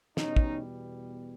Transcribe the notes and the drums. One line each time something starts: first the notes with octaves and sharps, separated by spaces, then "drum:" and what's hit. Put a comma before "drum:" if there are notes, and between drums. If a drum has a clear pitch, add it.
E2 B2 G3 C#4 D#4, drum: snare
drum: kick